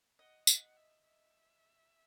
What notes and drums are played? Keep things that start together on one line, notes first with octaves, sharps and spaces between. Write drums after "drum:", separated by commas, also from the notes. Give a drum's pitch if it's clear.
D#5 F#5
F#5, drum: tambourine
E5
E5